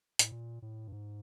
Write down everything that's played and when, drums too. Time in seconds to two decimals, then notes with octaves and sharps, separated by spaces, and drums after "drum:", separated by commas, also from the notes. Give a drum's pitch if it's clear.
0.19 A2, drum: hi-hat
0.32 A#2
0.62 A2
0.88 G2
0.92 G#2